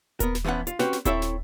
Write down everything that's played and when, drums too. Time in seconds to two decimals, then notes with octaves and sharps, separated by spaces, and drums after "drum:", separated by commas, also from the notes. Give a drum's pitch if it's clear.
0.20 B3 A#4, drum: kick D#1, hi-hat
0.35 drum: snare
0.44 E3 F3 B3 C#4 F#5
0.67 F4, drum: hi-hat
0.79 C4 C#4 F#4 G4 B4, drum: snare
0.93 drum: snare
1.05 C4 E4 A4 C#5 E5, drum: kick D#1, hi-hat
1.22 drum: snare